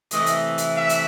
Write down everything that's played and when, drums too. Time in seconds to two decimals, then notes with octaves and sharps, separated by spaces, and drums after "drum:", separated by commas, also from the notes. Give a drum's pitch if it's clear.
0.11 C3 E3 A3 D#5, drum: hi-hat
0.26 drum: hi-hat
0.58 drum: hi-hat
0.74 E5
0.89 drum: hi-hat